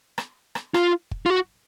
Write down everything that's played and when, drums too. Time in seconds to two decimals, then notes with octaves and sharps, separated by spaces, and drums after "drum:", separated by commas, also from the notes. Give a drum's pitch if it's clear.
0.18 drum: rim click
0.55 drum: rim click
0.74 F4, drum: rim click
1.11 drum: kick
1.26 F4
1.30 F#4